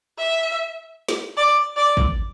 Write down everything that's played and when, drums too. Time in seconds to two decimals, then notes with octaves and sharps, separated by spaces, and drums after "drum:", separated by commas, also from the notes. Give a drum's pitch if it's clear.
0.18 E5
1.08 drum: snare
1.37 D5
1.77 D5
1.97 drum: kick